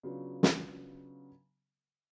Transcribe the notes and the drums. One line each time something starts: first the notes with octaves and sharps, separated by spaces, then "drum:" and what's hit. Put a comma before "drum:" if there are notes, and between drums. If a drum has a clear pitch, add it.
C#3 F#3 B3 D4 F4
drum: snare